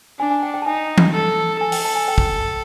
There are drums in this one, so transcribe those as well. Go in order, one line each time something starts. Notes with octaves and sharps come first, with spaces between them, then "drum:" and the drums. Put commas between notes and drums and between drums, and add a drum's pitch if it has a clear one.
D4 G#5
G#5
G5
G5
A5
D#4 G#5
drum: tom E3
A4
A4 G#5
G5, drum: open hi-hat
A5
G#5
G5
drum: kick